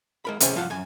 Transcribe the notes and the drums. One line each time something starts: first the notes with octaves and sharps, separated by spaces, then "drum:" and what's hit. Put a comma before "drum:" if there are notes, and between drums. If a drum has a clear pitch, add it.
G#3 A#4 B5
D#2 C3 C#4 E4 G#4 C5, drum: hi-hat
G2 F3 F4 F5 F#5
F#2 G#5